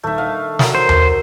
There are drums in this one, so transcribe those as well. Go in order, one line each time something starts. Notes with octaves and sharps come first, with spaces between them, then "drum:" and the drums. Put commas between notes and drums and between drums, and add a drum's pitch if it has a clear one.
D#1 A3 D#4 E5
D4 D#5 F5 F#5
F#3 A#4 D5, drum: snare
C5
drum: tom D#2